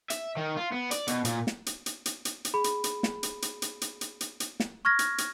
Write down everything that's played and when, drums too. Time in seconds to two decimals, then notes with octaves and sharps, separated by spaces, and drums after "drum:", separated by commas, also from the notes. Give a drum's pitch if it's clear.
0.10 E5, drum: hi-hat
0.37 D#3
0.57 F4
0.72 B3
0.91 D5, drum: hi-hat
1.07 B2, drum: hi-hat
1.25 A#2, drum: hi-hat
1.47 drum: snare
1.66 drum: hi-hat
1.86 drum: hi-hat
2.06 drum: hi-hat
2.25 drum: hi-hat
2.45 drum: hi-hat
2.54 G#4 B5
2.64 drum: hi-hat
2.84 drum: hi-hat
3.03 drum: snare
3.23 drum: hi-hat
3.42 drum: hi-hat
3.62 drum: hi-hat
3.81 drum: hi-hat
4.01 drum: hi-hat
4.21 drum: hi-hat
4.40 drum: hi-hat
4.60 drum: snare
4.85 C#6 F6 G#6 A#6
4.99 drum: hi-hat
5.18 drum: hi-hat